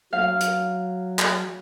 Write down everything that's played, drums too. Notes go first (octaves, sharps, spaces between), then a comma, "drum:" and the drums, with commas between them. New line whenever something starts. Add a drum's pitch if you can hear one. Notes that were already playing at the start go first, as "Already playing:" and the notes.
F#3 F5
drum: hi-hat
drum: clap